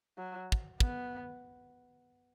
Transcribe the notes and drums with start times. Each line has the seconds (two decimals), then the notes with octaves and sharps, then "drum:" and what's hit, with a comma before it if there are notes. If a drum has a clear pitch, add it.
0.18 F#3
0.52 drum: kick
0.80 B3, drum: kick